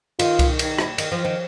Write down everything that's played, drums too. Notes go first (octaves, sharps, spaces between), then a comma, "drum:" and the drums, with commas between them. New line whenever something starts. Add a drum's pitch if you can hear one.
D#3 F4, drum: cymbal
drum: kick C2, cymbal
D#4, drum: cymbal
drum: rim click
D#3, drum: cymbal
F3
D#3